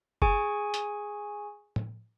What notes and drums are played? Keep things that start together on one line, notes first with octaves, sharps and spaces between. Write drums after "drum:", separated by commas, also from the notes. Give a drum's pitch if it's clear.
G#4 G#5 C#6, drum: kick
drum: hi-hat
drum: tom